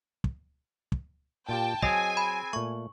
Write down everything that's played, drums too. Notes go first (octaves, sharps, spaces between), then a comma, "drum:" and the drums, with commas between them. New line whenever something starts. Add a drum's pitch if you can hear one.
drum: kick
drum: kick
A#2 F4 G4 G5 A5
F#3 C4 G#4 D#5 G#5, drum: kick
B5
A#2 A3 C#6